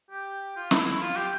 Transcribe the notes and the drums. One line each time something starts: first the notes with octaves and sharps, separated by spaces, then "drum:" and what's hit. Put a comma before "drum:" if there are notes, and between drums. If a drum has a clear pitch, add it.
G4
F4
E4, drum: snare
E4
F4
G4